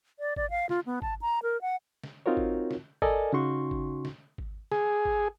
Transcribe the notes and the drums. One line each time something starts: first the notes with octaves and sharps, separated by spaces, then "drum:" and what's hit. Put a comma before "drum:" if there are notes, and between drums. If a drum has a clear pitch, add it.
D5
D5, drum: kick G#1
F5
F4, drum: snare
B3
A5, drum: kick G#1
A#5
A#4
F#5
drum: snare
C4 D#4 F4 F#4 A#4 C#5
drum: kick G#1
drum: snare
A4 A#4 D5 D#5 G#5, drum: kick G#1
C#3 C#4 D#4 F#4 C6 C#6
drum: kick G#1
drum: snare
drum: kick G#1
G#4, drum: snare
drum: kick G#1